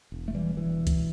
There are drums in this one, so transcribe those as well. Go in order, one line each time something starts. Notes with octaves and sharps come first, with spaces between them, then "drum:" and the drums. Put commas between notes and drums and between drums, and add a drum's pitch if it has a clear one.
E1
A3
E3 G3
E1 E3
drum: kick C#2, hi-hat